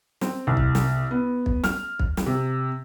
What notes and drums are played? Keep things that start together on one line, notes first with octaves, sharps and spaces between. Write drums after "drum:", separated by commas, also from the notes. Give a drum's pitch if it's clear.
C4, drum: snare
C2
drum: kick
drum: snare
B3
drum: kick
F6, drum: snare
drum: kick
drum: snare
C3